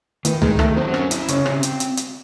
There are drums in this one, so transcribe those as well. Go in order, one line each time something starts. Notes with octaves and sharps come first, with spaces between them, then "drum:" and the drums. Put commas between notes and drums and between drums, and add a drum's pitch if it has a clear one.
D#3 E3, drum: hi-hat
G#3 D#4, drum: tom C#2
D#3 A3, drum: rim click
F#3 C4
C#4, drum: rim click
E4, drum: hi-hat
C#3 C#4, drum: hi-hat
C4, drum: rim click
drum: hi-hat
drum: hi-hat
drum: hi-hat